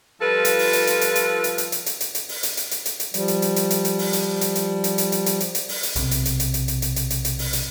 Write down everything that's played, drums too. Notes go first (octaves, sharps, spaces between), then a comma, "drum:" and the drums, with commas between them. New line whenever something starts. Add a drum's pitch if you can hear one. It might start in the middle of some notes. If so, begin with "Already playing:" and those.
F3 G3 F4 A4 B4
drum: hi-hat
drum: open hi-hat
drum: hi-hat
drum: hi-hat
drum: hi-hat
drum: hi-hat
drum: hi-hat
drum: hi-hat
drum: hi-hat
drum: hi-hat
drum: hi-hat
drum: hi-hat
drum: open hi-hat
drum: hi-hat
drum: hi-hat
drum: hi-hat
drum: hi-hat
drum: hi-hat
F3 G3, drum: hi-hat
drum: hi-hat
drum: hi-hat
drum: hi-hat
drum: hi-hat
drum: hi-hat
drum: open hi-hat
drum: hi-hat
drum: hi-hat
drum: hi-hat
drum: hi-hat
drum: hi-hat
drum: hi-hat
drum: hi-hat
drum: hi-hat
drum: hi-hat
drum: open hi-hat
drum: hi-hat
B1 C3, drum: hi-hat
drum: hi-hat
drum: hi-hat
drum: hi-hat
drum: hi-hat
drum: hi-hat
drum: hi-hat
drum: hi-hat
drum: hi-hat
drum: hi-hat
drum: open hi-hat
drum: hi-hat